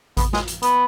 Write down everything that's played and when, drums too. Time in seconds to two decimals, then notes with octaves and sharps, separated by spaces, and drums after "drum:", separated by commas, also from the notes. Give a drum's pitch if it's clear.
0.17 B3, drum: kick A1, hi-hat
0.33 G#3, drum: snare
0.48 drum: hi-hat
0.63 B3, drum: hi-hat